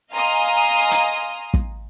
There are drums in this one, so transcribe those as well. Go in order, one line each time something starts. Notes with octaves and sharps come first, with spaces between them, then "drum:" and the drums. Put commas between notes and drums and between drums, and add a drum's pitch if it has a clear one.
D#5 F5 G#5 A#5 C6 D#6
drum: hi-hat
drum: kick